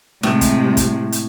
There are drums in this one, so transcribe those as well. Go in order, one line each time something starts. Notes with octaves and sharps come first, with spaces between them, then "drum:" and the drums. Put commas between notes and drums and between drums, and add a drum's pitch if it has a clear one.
A2 C3 G#3, drum: snare
drum: kick, hi-hat
drum: kick, hi-hat
drum: hi-hat